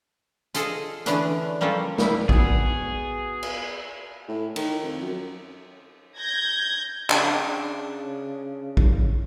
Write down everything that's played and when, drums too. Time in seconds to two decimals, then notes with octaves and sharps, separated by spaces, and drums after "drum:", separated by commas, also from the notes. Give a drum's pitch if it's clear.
0.54 F4 G#4 A4 D#5, drum: hi-hat
1.06 D3 E3 A3 B3 C#4 D4, drum: hi-hat
1.61 G3 A#3 C#4 F4 A4
1.98 G3 E4, drum: snare
2.29 B3 F#4 G#4, drum: kick A#1
3.43 drum: cymbal
4.29 A2
4.56 D#3, drum: cymbal
4.84 F2
5.02 F#2
6.17 G6 G#6 A#6
7.10 C#3 D4, drum: clap
8.77 drum: kick A#1